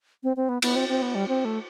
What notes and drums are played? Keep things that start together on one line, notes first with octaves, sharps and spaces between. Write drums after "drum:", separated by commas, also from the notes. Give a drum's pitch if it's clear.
C4
C4
B3
B3, drum: cymbal
C4
C4
B3
G3
C4
A3